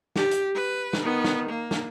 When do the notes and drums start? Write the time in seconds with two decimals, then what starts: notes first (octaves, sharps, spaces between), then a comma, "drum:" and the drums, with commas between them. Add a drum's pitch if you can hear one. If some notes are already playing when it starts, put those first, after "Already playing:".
0.16 G4, drum: snare
0.31 drum: hi-hat
0.55 B4
0.93 drum: snare
1.03 D#3 B3
1.24 drum: snare
1.49 A#3
1.71 drum: snare